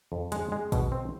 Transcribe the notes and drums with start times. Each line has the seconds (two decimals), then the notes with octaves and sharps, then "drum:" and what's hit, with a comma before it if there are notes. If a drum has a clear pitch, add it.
0.12 F2
0.32 G#3, drum: hi-hat
0.52 G#3
0.72 B2, drum: kick, hi-hat
0.92 C4